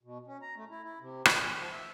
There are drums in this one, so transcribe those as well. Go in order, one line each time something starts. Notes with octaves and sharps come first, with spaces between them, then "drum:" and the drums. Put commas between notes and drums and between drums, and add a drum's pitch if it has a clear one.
B2
C#4
A#5
A3
E4
E4
C3
D#3, drum: rim click
G#5
F3
E5